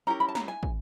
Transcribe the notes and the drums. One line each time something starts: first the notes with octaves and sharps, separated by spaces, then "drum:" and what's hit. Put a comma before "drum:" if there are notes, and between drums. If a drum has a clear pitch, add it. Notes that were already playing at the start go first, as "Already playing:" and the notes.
C#4 E4 G4 A#4 A#5
B5
A5
A#5, drum: snare
G#5
drum: kick